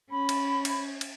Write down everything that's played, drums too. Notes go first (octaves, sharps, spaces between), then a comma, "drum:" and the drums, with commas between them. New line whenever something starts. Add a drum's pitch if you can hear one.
C#4 B5
drum: cymbal
drum: cymbal
drum: cymbal